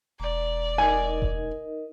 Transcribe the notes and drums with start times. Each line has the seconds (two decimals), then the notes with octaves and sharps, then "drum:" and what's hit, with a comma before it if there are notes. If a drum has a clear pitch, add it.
0.20 E1 D5 A#5
0.78 D#4 A#4 D#5 G#5
1.22 drum: kick E1